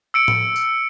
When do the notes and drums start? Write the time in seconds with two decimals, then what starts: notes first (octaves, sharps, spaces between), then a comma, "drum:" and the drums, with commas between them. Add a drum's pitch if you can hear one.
0.14 E6 C#7 D7
0.28 drum: tom A2
0.56 drum: tambourine